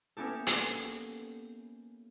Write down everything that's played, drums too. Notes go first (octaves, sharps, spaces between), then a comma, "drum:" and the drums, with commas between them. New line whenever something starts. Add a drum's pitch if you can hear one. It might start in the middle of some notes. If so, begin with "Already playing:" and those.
A#3 B3 C#4 E4 G4 A4
drum: hi-hat